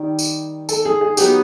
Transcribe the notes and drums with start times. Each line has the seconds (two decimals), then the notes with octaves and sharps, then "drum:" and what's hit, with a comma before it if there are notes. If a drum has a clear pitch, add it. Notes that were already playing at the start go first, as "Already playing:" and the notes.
Already playing: D#3 G3
0.19 drum: tambourine
0.69 A4, drum: tambourine
0.85 G#4
1.01 G#4
1.17 F#3 B3 D#4 G4, drum: tambourine